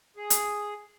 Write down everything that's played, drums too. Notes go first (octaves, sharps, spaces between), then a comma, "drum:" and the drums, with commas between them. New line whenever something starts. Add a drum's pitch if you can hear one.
G#4
drum: hi-hat